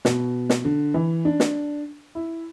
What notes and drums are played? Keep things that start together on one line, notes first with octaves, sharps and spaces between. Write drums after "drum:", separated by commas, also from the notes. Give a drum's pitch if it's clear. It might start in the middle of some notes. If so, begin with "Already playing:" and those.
B2, drum: snare
drum: snare
D3
E3
D4
drum: snare
E4